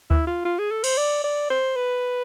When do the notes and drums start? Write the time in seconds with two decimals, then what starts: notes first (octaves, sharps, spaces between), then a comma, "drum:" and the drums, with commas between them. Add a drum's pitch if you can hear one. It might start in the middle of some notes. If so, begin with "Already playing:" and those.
0.11 E4, drum: kick D2
0.27 F4
0.45 F4
0.59 G#4
0.71 A4
0.84 C5, drum: cymbal
0.98 D5
1.24 D5
1.50 C5
1.76 B4